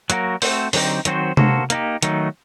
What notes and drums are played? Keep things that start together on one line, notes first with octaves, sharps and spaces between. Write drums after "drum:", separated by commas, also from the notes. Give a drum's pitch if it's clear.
F#3 A#3 F#4 A#4, drum: hi-hat
A3 C4 F#4 C5, drum: open hi-hat
D3 F#3 C4 D#4 G4, drum: open hi-hat
D#3 F#3 C4 F#4 C5, drum: hi-hat
A#3 F#4 A4 C5, drum: tom C3
A#3 D#4 G4, drum: hi-hat
D#3 F#3 A3 D#4, drum: hi-hat